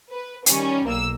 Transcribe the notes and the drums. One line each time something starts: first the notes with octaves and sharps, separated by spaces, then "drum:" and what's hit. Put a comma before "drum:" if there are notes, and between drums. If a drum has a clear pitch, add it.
B4
D#3 G3 C#4, drum: hi-hat
B1 A#3 E6